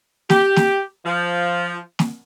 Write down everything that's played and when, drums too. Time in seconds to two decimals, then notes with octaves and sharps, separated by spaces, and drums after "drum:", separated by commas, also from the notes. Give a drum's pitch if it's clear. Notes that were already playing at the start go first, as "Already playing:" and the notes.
0.30 G4, drum: snare
0.56 drum: snare
1.05 F3
1.99 drum: snare